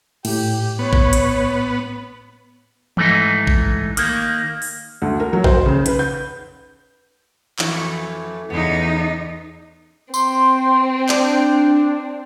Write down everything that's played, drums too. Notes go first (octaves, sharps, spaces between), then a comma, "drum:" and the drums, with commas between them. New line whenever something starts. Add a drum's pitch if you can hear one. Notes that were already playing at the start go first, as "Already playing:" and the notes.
A2 G4, drum: cymbal
B3 C#5
drum: kick
drum: hi-hat
G#2 E3 A3 D#4, drum: tom E3
drum: kick
D#3 A#3, drum: hi-hat
drum: open hi-hat
D2
A#4
F#3
C5, drum: kick
C#3
B4, drum: hi-hat
G6
F2 E3 A3, drum: clap
E2 C#3 B3 D#4
C4 C6, drum: tambourine
D4, drum: clap